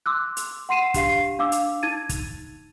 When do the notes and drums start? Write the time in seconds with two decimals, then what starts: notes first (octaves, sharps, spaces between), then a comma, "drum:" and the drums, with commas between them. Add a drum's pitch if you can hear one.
0.06 C6 D6 E6 F#6
0.37 drum: hi-hat
0.69 F#5 C6 C7 D#7 E7
0.94 D4 G4 F5 C7, drum: kick, hi-hat
1.39 D4 F5 D6 E6
1.52 drum: hi-hat
1.83 D#4 G#6 A6 D#7
2.09 drum: kick, hi-hat